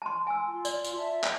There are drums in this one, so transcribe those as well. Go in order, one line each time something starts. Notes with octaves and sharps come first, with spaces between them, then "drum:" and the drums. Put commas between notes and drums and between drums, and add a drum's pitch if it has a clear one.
A5 C6
G#5 E6
F4 C6
D5, drum: tambourine
drum: tambourine
E5 A5
drum: clap